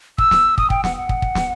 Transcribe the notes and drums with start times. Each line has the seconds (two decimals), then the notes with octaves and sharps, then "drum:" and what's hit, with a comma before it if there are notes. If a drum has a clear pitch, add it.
0.18 E6, drum: kick
0.31 drum: snare
0.58 D#6, drum: kick
0.70 G5, drum: kick
0.84 F#5, drum: snare
0.97 F#5
1.09 drum: kick
1.22 drum: kick
1.35 drum: snare